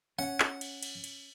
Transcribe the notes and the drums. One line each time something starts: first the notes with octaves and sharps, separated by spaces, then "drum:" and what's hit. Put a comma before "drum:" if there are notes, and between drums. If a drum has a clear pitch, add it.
C#4 F#5
drum: clap
drum: cymbal
drum: cymbal
drum: cymbal